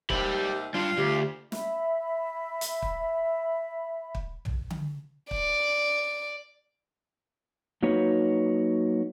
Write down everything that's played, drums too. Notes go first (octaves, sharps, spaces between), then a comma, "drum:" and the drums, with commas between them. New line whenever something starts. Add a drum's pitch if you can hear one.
D#2 C3 G4 B5, drum: kick
G3 D4 F4
D2 G4
E5 B5, drum: snare
drum: hi-hat
drum: kick
drum: kick
drum: tom
drum: tom D3
D5, drum: kick
F#3 A#3 D#4 F#4 B4 C#5